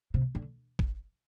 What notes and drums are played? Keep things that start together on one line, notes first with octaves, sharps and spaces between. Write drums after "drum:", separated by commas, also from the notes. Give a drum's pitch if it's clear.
C3
D3
drum: kick